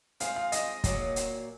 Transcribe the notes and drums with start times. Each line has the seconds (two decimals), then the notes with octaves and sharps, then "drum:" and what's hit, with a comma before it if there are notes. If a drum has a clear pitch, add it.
0.20 G#3 C4 F4 G#4 F5, drum: hi-hat
0.36 F5
0.52 D#5, drum: hi-hat
0.84 A#2 F#3 A#3, drum: kick, hi-hat
1.16 drum: hi-hat